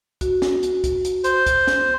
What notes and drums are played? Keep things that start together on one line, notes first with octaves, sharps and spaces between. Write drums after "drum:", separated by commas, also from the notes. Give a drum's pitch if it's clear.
F#4, drum: kick, hi-hat
drum: snare
drum: hi-hat
drum: kick, hi-hat
drum: hi-hat
C5, drum: hi-hat
drum: kick, hi-hat
drum: snare